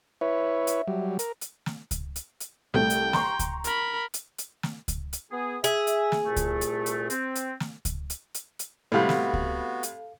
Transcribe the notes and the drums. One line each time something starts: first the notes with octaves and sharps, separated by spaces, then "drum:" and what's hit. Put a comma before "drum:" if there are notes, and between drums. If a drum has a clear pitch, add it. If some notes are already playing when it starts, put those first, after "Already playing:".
E4 B4 C#5 E5
drum: hi-hat
F#3 G3
A#4, drum: hi-hat
drum: hi-hat
drum: snare
drum: kick C#2, hi-hat
drum: hi-hat
drum: hi-hat
C2 A3 G5
drum: hi-hat
A#5 C6 C#6, drum: snare
drum: kick C#2, hi-hat
A#4 B5, drum: hi-hat
drum: hi-hat
drum: hi-hat
drum: snare
drum: kick C#2, hi-hat
drum: hi-hat
B3 G#4
G#4 E5, drum: hi-hat
drum: hi-hat
drum: snare
C2 A#2 A3
drum: kick C#2, hi-hat
drum: hi-hat
drum: hi-hat
C4, drum: hi-hat
drum: hi-hat
drum: snare
drum: kick C#2, hi-hat
drum: hi-hat
drum: hi-hat
drum: hi-hat
A2 C3 G3 B3 F#4 A4 F5
drum: snare
drum: kick C#2
drum: hi-hat